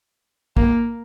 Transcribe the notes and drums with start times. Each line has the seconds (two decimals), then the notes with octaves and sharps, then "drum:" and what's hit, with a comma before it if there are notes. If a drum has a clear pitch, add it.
0.57 A#3, drum: kick